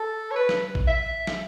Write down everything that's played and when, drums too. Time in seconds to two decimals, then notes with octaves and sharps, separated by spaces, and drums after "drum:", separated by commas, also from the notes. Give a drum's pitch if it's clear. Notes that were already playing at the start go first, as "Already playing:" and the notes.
Already playing: A4
0.31 C#5
0.36 B4
0.49 drum: snare
0.75 drum: kick A#1
0.88 E5
1.27 drum: snare